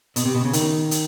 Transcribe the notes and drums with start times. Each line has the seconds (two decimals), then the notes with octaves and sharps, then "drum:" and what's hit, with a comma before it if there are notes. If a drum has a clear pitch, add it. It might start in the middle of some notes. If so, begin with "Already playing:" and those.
0.16 B2, drum: hi-hat
0.25 C3
0.35 B2
0.44 C#3
0.53 D#3, drum: hi-hat
0.91 drum: hi-hat